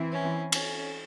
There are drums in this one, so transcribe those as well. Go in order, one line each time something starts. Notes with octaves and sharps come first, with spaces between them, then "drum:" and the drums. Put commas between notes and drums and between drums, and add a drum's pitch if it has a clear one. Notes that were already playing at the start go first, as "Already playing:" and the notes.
Already playing: E3 C4 E4
C#4
C#4, drum: cymbal